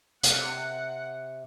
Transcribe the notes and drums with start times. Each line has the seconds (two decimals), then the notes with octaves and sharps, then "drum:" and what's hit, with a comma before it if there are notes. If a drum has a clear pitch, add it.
0.23 C3 F#5, drum: hi-hat